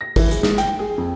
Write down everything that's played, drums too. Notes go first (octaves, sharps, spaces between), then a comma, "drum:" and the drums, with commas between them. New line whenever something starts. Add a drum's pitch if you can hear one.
A#6
E3, drum: kick, open hi-hat
G#4, drum: hi-hat
G#3, drum: snare
G5, drum: hi-hat
G#4
F2